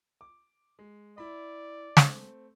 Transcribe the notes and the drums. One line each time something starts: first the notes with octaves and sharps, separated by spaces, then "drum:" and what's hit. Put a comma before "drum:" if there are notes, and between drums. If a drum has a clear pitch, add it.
D6
G#3
E4 D5 B5
A3 C4, drum: snare